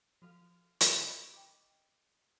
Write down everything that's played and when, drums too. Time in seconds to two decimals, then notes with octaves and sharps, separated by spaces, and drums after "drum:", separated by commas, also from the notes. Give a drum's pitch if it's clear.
0.22 F3 F#4 A4 F5 F6
0.81 drum: hi-hat
1.04 D#5 B5
1.33 G5 D6